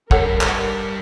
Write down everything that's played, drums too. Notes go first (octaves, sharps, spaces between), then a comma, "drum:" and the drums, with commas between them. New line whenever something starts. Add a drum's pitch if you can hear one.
G2 A4 A#4 C#5 F#5, drum: kick
drum: clap